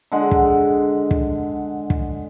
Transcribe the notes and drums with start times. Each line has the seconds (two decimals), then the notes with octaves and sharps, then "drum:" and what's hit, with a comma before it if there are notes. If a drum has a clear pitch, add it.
0.12 D3 G#3 F#5
0.31 drum: kick
1.11 drum: kick
1.90 drum: kick